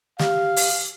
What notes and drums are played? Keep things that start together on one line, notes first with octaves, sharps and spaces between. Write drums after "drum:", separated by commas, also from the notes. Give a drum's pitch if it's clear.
G4 F5, drum: snare
drum: open hi-hat